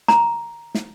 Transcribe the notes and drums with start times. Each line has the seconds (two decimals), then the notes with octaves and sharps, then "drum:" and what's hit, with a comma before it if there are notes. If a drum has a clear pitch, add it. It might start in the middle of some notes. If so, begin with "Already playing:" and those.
0.08 A#5, drum: snare
0.75 drum: snare